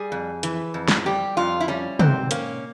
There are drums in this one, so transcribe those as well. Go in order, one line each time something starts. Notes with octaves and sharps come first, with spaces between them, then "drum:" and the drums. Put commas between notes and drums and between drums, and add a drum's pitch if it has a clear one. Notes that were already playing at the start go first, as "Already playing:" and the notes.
Already playing: G3 G#4
F2
E3, drum: hi-hat
F2
drum: snare
G3 G4
F2 F4
E4
G3 C#4
G#2 C4, drum: tom
A#3 C#4, drum: hi-hat